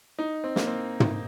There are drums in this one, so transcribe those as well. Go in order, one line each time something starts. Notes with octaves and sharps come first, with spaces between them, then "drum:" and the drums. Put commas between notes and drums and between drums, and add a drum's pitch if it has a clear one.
D#4
C4
A#3, drum: snare
C4
drum: tom